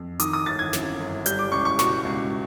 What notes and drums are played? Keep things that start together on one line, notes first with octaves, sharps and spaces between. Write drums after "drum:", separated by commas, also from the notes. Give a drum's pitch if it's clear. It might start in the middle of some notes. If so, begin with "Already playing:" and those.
Already playing: F2
D#3 D#6, drum: hi-hat
D#6
G1 A6
G#6
F#2, drum: snare
G1
G3 G6, drum: hi-hat
D6
C#2 C#6
C#6
B2 C#6, drum: snare
C#2